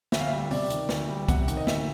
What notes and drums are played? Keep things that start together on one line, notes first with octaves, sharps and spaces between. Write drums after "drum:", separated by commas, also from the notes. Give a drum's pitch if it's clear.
D2 E5, drum: snare
F5
G3 E5
C3 D5, drum: open hi-hat
D#3, drum: hi-hat
D2, drum: snare
G3
C3 F#5, drum: kick, hi-hat
D#3, drum: hi-hat
D#5
D2 E5, drum: snare